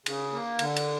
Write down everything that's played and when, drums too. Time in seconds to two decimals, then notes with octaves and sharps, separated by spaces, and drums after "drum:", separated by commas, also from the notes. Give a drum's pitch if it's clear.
0.06 C#3, drum: cymbal
0.33 A#3
0.59 D3, drum: cymbal
0.76 drum: cymbal